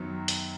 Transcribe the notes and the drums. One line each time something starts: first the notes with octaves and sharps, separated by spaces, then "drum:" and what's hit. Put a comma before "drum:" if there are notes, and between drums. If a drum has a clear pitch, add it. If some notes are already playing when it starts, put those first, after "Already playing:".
Already playing: F#2 D#3 F#3 B3
drum: hi-hat